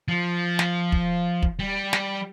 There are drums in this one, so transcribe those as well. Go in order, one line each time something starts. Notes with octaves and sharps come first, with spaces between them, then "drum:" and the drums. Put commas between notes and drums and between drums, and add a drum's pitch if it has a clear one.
F3
drum: snare
drum: kick
drum: kick
G3
drum: snare